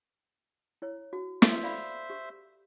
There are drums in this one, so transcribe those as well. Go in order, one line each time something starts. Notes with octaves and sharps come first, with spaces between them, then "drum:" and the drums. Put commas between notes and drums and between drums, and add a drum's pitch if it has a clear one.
E4 C#5
F#4
A4 C5 E5, drum: snare
D5 F5 B5
G4